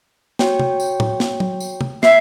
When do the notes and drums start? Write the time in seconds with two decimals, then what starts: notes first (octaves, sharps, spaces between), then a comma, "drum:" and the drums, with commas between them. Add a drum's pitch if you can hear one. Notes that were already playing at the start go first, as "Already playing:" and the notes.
0.39 F#4 C#5 G5, drum: snare
0.60 drum: tom
0.80 drum: tambourine
1.00 drum: tom
1.20 drum: snare
1.40 drum: tom
1.60 drum: tambourine
1.81 drum: tom
2.03 E5 C7, drum: snare